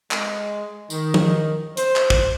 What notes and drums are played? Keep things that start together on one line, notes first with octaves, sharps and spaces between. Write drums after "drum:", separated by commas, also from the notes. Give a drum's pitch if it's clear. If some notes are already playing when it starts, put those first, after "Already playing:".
G#3, drum: clap
D#3, drum: tambourine
drum: tom F3
C5, drum: hi-hat
drum: clap
drum: kick